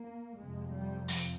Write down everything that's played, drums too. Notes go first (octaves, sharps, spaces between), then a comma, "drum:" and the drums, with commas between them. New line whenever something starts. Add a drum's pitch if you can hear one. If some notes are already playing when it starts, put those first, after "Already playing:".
Already playing: A#3
F2 C3 G#3
G3
F3, drum: hi-hat